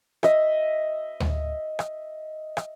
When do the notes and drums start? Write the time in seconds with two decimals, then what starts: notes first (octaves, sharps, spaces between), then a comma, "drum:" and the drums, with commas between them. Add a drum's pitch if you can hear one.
0.23 D#5 E5, drum: rim click
1.20 drum: tom D2
1.79 drum: rim click
2.57 drum: rim click